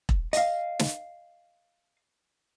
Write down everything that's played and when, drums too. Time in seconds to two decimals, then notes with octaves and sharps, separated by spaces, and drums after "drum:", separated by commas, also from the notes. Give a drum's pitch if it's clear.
0.09 drum: kick E1
0.33 D#5 F5, drum: hi-hat
0.79 drum: snare